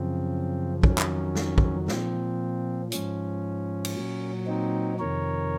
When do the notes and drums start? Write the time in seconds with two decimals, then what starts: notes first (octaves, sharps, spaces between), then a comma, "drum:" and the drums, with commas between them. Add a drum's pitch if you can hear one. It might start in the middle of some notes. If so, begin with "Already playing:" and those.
Already playing: F#2 C#3 F3 C4
0.83 F2 D#3 F#3 C#4, drum: kick
0.98 drum: clap
1.35 drum: snare
1.58 drum: kick
1.88 A#2 F3 C4, drum: snare
2.92 G#2 F3 C#4, drum: hi-hat
3.85 drum: cymbal
3.96 A#2 F#3
4.47 C4 D#4
4.99 F2 C3 D#3 A#4 C#5